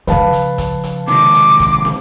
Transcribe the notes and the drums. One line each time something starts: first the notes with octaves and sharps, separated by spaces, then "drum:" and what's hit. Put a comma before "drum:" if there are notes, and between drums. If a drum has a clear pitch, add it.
C#3 F3 B4 F5 A5, drum: hi-hat
drum: hi-hat
drum: kick, hi-hat
drum: hi-hat
C3 D#3 G#3 D6, drum: hi-hat
drum: hi-hat
drum: kick, hi-hat
drum: snare